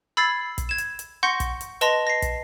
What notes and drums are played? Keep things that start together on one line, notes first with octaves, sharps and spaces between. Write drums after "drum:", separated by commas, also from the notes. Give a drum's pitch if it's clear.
B5 E6 G#6 A6 C7
drum: kick, hi-hat
G#6 E7
drum: hi-hat
drum: hi-hat
F#5 C6 C#6 G6 A#6 C#7
drum: kick, hi-hat
drum: hi-hat
B4 D#5 A5 C6 A#6 F7, drum: hi-hat
A#6 C7
drum: kick, hi-hat